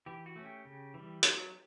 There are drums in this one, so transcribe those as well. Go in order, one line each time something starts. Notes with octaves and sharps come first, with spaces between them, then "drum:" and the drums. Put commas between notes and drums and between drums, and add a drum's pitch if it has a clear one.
E3 G4
F#4
A3 C#4
G4
C#3
E3 G3
F#3, drum: hi-hat